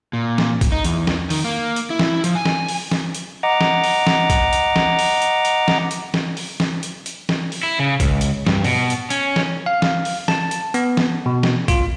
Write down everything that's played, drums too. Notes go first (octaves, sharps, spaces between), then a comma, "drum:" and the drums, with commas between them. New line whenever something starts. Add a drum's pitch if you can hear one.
A#2
drum: snare
drum: kick, hi-hat
D#4
E2, drum: hi-hat
drum: snare
D#3, drum: open hi-hat
A#3
drum: hi-hat
E4
drum: snare
F3, drum: hi-hat
G#5
drum: snare
drum: open hi-hat
drum: snare
drum: hi-hat
D#5 F#5 A#5 D6
drum: snare
drum: open hi-hat
drum: snare
drum: kick, hi-hat
drum: hi-hat
drum: snare
drum: open hi-hat
drum: hi-hat
drum: hi-hat
drum: snare
drum: hi-hat
drum: snare
drum: open hi-hat
drum: snare
drum: hi-hat
drum: hi-hat
drum: snare
drum: open hi-hat
E4
C#3
C#2, drum: kick, hi-hat
drum: hi-hat
G2, drum: snare
B2, drum: open hi-hat
drum: hi-hat
C#4, drum: hi-hat
drum: snare
F5
drum: snare
drum: open hi-hat
A5, drum: snare
drum: hi-hat
B3, drum: hi-hat
drum: snare
B2
drum: snare
F4, drum: kick, hi-hat